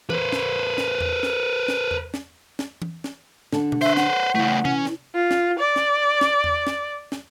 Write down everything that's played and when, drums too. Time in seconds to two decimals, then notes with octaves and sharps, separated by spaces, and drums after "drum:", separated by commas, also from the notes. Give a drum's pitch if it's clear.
0.10 B4 C5, drum: tom E3
0.33 drum: snare
0.78 drum: snare
1.00 drum: tom E2
1.23 drum: snare
1.68 drum: snare
1.91 drum: tom E2
2.14 drum: snare
2.59 drum: snare
2.82 drum: tom E3
3.04 drum: snare
3.52 D3, drum: snare
3.72 drum: tom B2
3.82 B4 C5 E5
3.97 F#5, drum: snare
4.35 C#3 E3 A3
4.65 C#4, drum: tom C3
4.85 drum: snare
5.15 F4
5.31 drum: snare
5.59 D5
5.76 drum: snare
6.21 drum: snare
6.44 drum: tom E2
6.67 drum: snare
7.12 drum: snare